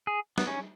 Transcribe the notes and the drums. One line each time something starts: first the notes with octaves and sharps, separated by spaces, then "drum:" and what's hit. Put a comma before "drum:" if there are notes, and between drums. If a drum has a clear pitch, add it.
G#4
B3, drum: snare
C#4